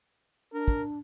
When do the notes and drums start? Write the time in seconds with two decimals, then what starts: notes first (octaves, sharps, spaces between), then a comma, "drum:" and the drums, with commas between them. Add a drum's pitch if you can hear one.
0.53 D4 A#4
0.68 drum: kick